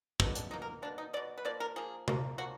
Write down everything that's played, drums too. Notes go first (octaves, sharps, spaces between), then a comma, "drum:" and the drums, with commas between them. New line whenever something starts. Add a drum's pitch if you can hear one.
B2 A#3 D4, drum: kick
D4, drum: hi-hat
B2 A#3 D#4
A#4
B2 A#3 D4
D#4
A#3 D5
B2
B4
F3 A#3 D5
A#4
F3 A#3 G#4
F3 A#3, drum: tom C3
F3 A#3 F#4